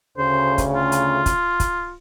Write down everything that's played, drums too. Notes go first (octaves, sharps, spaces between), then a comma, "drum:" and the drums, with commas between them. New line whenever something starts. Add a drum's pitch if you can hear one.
D2 C#3 C5
drum: kick, hi-hat
F4
drum: hi-hat
drum: kick, hi-hat
drum: kick, hi-hat